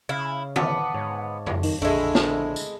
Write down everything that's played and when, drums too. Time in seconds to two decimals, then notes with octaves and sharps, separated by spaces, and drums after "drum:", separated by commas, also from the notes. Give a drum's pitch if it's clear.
0.09 C#3 E4 F5
0.56 B3 F5 A5 D6, drum: tom
0.94 G#2 C#5
1.46 drum: tom F2
1.63 D#3, drum: open hi-hat
1.82 A#1 D3 G#3 A3 E4 C6
2.15 drum: snare
2.56 drum: tambourine